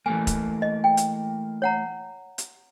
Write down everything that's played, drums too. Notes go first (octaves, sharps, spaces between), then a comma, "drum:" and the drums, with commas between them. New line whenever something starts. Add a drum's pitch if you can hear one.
E3 A3 A#3 G#5
drum: kick E1, hi-hat
D#5
G5
drum: hi-hat
C#5 F#5 A#5
drum: hi-hat